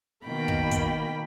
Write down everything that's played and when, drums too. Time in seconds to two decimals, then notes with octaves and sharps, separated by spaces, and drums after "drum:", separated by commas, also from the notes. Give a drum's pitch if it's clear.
0.25 B2 D#3 A#3 G5 B5
0.48 drum: kick
0.71 drum: kick, hi-hat